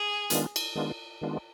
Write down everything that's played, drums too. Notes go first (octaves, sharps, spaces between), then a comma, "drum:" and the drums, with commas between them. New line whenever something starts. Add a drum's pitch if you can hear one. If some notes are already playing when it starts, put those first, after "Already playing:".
Already playing: G#4
D#3 G#3 B3 D4 F4, drum: hi-hat
drum: cymbal
D#3 G#3 B3 D4 F4
D#3 G#3 B3 D4 F4